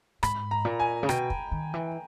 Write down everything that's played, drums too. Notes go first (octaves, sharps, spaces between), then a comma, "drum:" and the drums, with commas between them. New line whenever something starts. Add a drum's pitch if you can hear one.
G#2 B5, drum: rim click
A#5
A#2
G#5
C#3
B2 G5, drum: rim click
drum: kick
D#3
E3